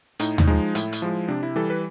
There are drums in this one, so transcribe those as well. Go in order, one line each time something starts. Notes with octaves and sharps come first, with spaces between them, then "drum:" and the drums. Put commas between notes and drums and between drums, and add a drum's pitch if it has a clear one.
A2 D#4, drum: hi-hat
drum: tom D#2
F3 G#3 D#4
A2 E4, drum: hi-hat
drum: hi-hat
F3 G#3
C3 D4
E4
E3 G3 A4
B4